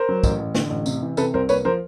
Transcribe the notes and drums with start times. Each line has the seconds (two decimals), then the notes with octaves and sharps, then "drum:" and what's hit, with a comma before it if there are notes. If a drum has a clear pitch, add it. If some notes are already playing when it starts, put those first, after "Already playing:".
Already playing: A#4 C5
0.09 F#3
0.24 A1, drum: kick, tambourine
0.39 A1
0.55 D3, drum: snare
0.70 A1
0.86 C3, drum: tambourine
1.02 E3
1.17 C3 A4 B4, drum: tambourine
1.34 C2 A#4 C5
1.49 A#3 B4 C#5, drum: tambourine
1.65 F3 A#4 C5